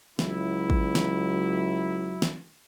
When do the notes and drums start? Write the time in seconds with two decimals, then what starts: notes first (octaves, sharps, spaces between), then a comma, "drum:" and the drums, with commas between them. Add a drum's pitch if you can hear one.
0.19 C#2 F#3 E4, drum: snare
0.70 drum: kick
0.95 drum: snare
2.22 drum: snare